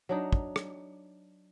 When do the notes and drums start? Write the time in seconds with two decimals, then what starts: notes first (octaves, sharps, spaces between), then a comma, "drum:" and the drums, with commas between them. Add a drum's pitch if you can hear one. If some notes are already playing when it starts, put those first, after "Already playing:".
0.09 F#3 D4 D#4
0.33 drum: kick
0.56 drum: rim click